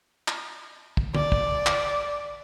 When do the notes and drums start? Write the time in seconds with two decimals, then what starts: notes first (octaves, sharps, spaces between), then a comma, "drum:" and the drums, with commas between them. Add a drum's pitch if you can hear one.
0.28 drum: clap
0.97 drum: kick
1.15 D5, drum: tom D3
1.32 drum: kick
1.66 drum: clap